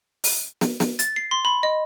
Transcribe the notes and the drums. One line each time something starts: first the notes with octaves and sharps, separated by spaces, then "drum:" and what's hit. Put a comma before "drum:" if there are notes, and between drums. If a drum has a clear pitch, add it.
drum: open hi-hat
drum: snare
drum: snare
A6, drum: hi-hat
C7
C6
B5
D#5